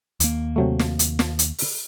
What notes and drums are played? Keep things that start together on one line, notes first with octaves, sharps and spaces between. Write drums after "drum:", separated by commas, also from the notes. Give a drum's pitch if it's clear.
D#2 A#3, drum: hi-hat
C3 F#3 A3
drum: snare
drum: hi-hat
drum: snare
drum: hi-hat
drum: open hi-hat